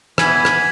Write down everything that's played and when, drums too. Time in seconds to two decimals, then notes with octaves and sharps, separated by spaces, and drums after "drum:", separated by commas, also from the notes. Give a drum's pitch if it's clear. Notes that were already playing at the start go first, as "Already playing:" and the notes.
0.18 E3 B3 E4 G#5 B5, drum: rim click
0.45 drum: rim click